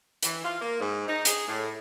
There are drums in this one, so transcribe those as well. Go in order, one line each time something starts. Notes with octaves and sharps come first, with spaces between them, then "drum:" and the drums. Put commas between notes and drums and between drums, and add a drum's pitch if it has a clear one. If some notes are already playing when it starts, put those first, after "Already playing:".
E3, drum: hi-hat
F4
A#3
G#2
D#4
G#4, drum: hi-hat
A2